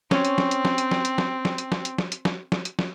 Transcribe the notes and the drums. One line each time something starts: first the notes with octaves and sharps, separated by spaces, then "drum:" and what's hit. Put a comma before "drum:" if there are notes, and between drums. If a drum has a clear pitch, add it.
C4 C#4, drum: snare
drum: hi-hat
drum: snare
drum: hi-hat
drum: snare
drum: hi-hat
drum: snare
drum: hi-hat
drum: snare
drum: snare
drum: hi-hat
drum: snare
drum: hi-hat
drum: snare
drum: hi-hat
drum: snare
drum: snare
drum: hi-hat
drum: snare